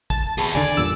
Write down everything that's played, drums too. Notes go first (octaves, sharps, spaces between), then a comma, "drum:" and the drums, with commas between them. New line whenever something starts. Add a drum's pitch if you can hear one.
A5, drum: kick
G#4 B4
D#2 D3 D5 G#5
E2 G2 A#2 E6